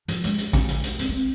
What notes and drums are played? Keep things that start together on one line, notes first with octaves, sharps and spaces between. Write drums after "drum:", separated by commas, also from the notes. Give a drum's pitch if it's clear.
F3, drum: hi-hat
G#3, drum: hi-hat
drum: hi-hat
drum: kick, hi-hat
drum: hi-hat
drum: hi-hat
C4, drum: hi-hat
C4